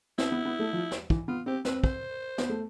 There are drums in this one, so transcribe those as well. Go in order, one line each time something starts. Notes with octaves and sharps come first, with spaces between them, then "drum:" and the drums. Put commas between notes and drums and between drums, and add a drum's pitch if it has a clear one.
C4 E4, drum: snare
B3
B3
A3
F3
drum: snare
E3, drum: kick
B3 F4
C4 G4
C4 B4, drum: snare
C5, drum: kick
B3, drum: snare
A3